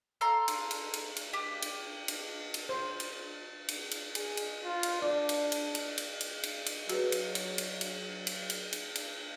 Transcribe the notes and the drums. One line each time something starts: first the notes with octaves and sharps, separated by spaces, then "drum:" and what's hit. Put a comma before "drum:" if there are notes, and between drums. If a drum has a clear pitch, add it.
A4 F5 A#5 C6
drum: cymbal
drum: cymbal
drum: cymbal
drum: cymbal
G4
drum: cymbal
drum: cymbal
drum: cymbal
C5
drum: cymbal
drum: cymbal
drum: cymbal
G#4, drum: cymbal
drum: cymbal
F4
drum: cymbal
D4 D5
drum: cymbal
drum: cymbal
drum: cymbal
drum: cymbal
drum: cymbal
drum: cymbal
drum: cymbal
F#3 F#4 G#4 B4, drum: cymbal
drum: cymbal
drum: cymbal
drum: cymbal
drum: cymbal
drum: cymbal
drum: cymbal
drum: cymbal
drum: cymbal